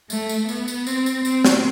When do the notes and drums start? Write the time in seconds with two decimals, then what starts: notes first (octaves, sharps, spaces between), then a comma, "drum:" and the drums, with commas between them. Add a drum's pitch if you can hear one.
0.10 A3, drum: tambourine
0.29 drum: tambourine
0.49 B3, drum: tambourine
0.68 drum: tambourine
0.87 C4, drum: tambourine
1.06 drum: tambourine
1.25 C4, drum: tambourine
1.45 drum: snare